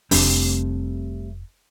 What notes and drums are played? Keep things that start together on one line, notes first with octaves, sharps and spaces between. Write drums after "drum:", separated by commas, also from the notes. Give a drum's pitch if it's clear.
F1 C3 G3 A3 D4, drum: open hi-hat